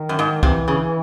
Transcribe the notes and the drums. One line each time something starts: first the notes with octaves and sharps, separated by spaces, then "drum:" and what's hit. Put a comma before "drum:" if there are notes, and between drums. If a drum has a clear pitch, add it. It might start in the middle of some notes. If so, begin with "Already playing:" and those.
Already playing: D#3
F#2
G#2
C3 E3, drum: kick
C#3